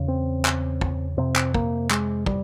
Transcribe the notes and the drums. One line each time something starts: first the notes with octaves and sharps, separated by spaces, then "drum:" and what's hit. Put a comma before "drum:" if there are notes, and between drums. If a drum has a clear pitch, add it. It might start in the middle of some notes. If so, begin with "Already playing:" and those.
Already playing: E2 C#3
C4
drum: clap
drum: kick
F2 C3 C4
drum: clap
A#3, drum: kick
G#3, drum: clap
G3, drum: kick